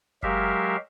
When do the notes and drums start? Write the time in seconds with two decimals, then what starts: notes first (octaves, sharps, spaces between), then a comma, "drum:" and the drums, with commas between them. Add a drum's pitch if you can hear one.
0.23 F#3 G#3 G4 A#4 E5 F5, drum: kick F#1